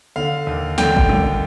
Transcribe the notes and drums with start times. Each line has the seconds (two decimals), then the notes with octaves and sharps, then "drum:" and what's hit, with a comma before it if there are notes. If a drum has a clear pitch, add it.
0.16 D3 F5
0.47 D#2
0.78 D3 G5, drum: snare
0.96 drum: kick G#1
1.09 D#2, drum: tom F#3